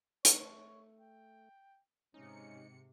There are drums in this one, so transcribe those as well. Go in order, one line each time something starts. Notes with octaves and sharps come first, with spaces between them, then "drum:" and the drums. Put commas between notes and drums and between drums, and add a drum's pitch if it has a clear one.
A3 C#5, drum: hi-hat
G5
G#2 C3 C#4 D#4 C#7